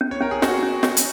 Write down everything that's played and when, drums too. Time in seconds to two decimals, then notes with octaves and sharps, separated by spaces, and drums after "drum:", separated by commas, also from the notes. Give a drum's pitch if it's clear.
0.01 C#4
0.11 C#5
0.21 C#4 A#4
0.31 G#4
0.42 C#4 F#4, drum: snare
0.63 C#4
0.83 C#4, drum: snare
0.97 drum: hi-hat